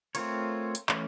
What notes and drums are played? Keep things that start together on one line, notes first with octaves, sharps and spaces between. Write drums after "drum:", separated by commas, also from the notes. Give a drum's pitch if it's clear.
A3 C4 F4 A#4 C#5, drum: cymbal
drum: hi-hat
E3 A3 C#4, drum: clap